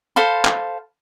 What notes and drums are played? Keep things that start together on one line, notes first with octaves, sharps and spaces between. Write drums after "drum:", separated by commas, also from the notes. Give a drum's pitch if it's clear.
A4 C5 F5 B5
drum: clap